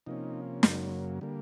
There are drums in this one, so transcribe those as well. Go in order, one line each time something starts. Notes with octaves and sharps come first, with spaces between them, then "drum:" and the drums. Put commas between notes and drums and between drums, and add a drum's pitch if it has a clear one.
C3 F3 A#3 C#4 D#4
F#2 C#3 F#3 A#3, drum: snare
D3 G3 A#3